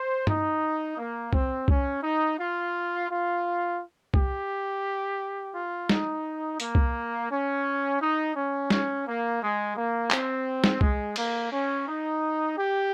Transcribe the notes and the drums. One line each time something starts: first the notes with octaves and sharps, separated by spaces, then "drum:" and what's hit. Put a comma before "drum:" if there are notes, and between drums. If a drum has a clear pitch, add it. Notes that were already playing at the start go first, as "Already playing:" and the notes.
Already playing: C5
D#4, drum: tom G2
A#3
C4, drum: kick C2
C#4, drum: kick C2
D#4
F4
F4
G4, drum: kick C2
F4
D#4, drum: snare
A#3, drum: hi-hat
drum: kick C2
C#4
D#4
C#4
C#4, drum: snare
A#3
G#3
A#3
C4, drum: clap
drum: snare
G#3, drum: kick C2
A#3, drum: cymbal
C#4
D#4
G4